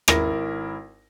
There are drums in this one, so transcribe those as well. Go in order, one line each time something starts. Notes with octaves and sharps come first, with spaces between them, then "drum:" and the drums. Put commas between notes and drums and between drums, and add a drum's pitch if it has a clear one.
G#1 E4 A#4 A#6, drum: rim click